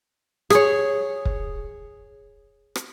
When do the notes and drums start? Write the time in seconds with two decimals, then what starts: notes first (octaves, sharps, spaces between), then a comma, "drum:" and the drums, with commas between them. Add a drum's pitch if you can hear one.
0.50 G#4 C#5, drum: rim click
1.25 drum: kick
2.75 drum: rim click